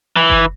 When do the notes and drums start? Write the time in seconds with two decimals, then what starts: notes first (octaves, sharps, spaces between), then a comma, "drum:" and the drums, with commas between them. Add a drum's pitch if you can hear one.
0.16 E3
0.30 drum: kick F#1